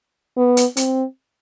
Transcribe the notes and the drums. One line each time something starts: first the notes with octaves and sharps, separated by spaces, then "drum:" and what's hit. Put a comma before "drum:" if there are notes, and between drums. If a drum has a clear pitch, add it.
B3
drum: hi-hat
C4, drum: hi-hat